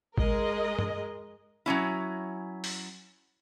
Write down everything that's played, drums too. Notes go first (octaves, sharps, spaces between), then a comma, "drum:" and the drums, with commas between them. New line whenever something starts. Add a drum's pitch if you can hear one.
G#3 G#4 A#4 D#5, drum: kick G#1
drum: tom G2
F#3 C4 C#4 E4
drum: open hi-hat